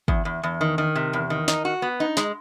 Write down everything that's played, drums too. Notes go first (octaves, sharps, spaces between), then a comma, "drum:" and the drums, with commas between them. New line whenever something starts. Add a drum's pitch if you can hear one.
E2, drum: kick
E2
E2
D#3
D#3
C3
E2
D#3
D#4, drum: snare
F#4
B3
D#4
G#3, drum: snare